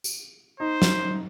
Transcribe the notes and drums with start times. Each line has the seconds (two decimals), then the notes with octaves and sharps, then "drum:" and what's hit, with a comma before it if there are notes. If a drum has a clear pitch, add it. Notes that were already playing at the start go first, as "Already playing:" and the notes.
0.04 drum: tambourine
0.60 D#4 C5
0.82 drum: snare